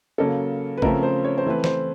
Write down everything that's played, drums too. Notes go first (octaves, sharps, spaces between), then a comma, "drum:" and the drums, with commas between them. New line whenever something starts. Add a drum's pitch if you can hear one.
C#3 F#3 A#3 C#4 A4
B4
C#3 F3 A3 C4 A#4, drum: kick A1
C5
C#5
C5
E3 A3 C4 B4
C5, drum: snare